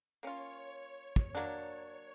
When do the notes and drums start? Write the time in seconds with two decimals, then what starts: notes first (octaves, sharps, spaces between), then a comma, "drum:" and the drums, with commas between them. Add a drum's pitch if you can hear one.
0.23 A#3 C#4 F4 C#5
1.16 drum: kick
1.35 F#3 A#3 D4